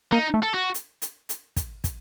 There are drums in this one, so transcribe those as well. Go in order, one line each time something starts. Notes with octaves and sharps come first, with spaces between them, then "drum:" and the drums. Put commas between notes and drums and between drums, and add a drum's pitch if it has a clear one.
A#3 D#4
A3
A4
F#4
drum: hi-hat
drum: hi-hat
drum: hi-hat
drum: kick, hi-hat
drum: kick, hi-hat